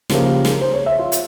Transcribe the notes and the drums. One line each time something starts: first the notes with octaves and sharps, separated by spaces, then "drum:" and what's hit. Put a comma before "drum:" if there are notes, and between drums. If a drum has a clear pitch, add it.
C#3 F3 A#3 G4, drum: snare
G4
G#4, drum: snare
C5
C#5
E5
F4
drum: hi-hat